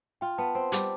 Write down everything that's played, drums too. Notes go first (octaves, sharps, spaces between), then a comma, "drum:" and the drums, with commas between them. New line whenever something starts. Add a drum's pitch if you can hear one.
F4 G5
B3 A5
C4 C6
G3 D6, drum: hi-hat